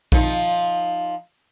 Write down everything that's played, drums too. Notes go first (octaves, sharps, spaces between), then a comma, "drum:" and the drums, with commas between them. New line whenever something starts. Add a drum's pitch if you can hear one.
F3 D#4, drum: kick A#1